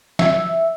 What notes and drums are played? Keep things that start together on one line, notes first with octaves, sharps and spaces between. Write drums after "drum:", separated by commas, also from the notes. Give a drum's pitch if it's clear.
E5, drum: snare